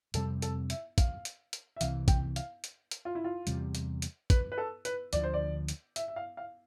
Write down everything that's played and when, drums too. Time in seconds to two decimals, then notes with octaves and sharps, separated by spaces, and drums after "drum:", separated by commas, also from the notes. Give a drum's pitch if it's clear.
0.14 F2 C3 G3 C4 A4, drum: hi-hat
0.42 A4, drum: hi-hat
0.70 E5, drum: hi-hat
0.98 F5, drum: kick, hi-hat
1.25 drum: hi-hat
1.53 drum: hi-hat
1.76 E5
1.81 C2 C3 E3 F5, drum: hi-hat
2.08 G5, drum: kick, hi-hat
2.36 F5, drum: hi-hat
2.64 drum: hi-hat
2.91 drum: hi-hat
3.05 F4
3.15 E4
3.24 F4
3.47 E2 C3 G3, drum: hi-hat
3.75 drum: hi-hat
4.02 drum: hi-hat
4.30 B4, drum: kick, hi-hat
4.52 B4
4.58 A4
4.85 B4, drum: hi-hat
5.13 D2 D3 F3 D5, drum: hi-hat
5.24 C5
5.34 D5
5.69 drum: hi-hat
5.96 E5, drum: hi-hat
6.08 E5
6.16 F5
6.37 F5